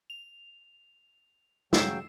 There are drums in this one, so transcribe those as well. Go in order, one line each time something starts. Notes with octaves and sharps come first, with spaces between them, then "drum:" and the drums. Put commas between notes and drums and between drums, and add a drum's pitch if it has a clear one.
F7
C#3 F#3 G5 E6 C7 E7, drum: snare